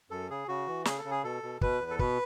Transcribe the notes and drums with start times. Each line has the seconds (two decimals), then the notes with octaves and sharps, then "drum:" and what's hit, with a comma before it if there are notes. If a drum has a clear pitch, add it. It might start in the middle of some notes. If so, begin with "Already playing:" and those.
0.10 F#2 A4
0.30 C#3 G#4
0.48 C#3 F#4
0.67 E3
0.85 C#3 G#4, drum: snare
0.98 A4
1.05 C#3
1.11 G#4
1.24 B2 A4
1.43 B2
1.61 B2 B4, drum: kick
1.81 E2
1.91 A4
1.99 B2 B4, drum: kick